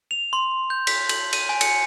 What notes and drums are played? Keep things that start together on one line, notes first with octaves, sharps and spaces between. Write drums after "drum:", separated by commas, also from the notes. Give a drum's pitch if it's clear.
F7
C6
G6
B6, drum: cymbal
F#7, drum: cymbal
D#7, drum: cymbal
G#5
C#7, drum: cymbal